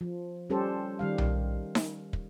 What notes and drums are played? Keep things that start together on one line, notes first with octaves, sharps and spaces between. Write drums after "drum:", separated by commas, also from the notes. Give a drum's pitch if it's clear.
F3
G3 C#4 G4 A4 C5
D#3 G3 F5
drum: tom B1
drum: snare D#4
drum: kick